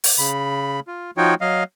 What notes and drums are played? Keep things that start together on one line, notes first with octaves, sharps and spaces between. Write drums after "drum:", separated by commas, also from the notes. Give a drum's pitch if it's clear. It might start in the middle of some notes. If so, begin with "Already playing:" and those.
drum: open hi-hat
C#3 B5
F4
F3 D#4 F4 F#4 C#5 G5
F#3 D#5 F5